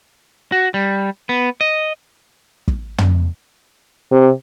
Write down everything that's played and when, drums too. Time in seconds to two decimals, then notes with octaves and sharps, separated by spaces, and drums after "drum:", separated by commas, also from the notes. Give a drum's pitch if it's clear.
0.52 F#4
0.74 G3
1.29 B3
1.61 D#5
2.68 drum: kick
2.98 drum: tom
4.11 C3